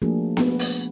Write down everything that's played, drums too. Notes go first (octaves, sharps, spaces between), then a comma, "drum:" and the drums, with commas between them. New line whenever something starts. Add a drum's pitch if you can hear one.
F3 A3 A#3 D4 F#4 G#4
G#3 B3 B4, drum: snare B3
drum: open hi-hat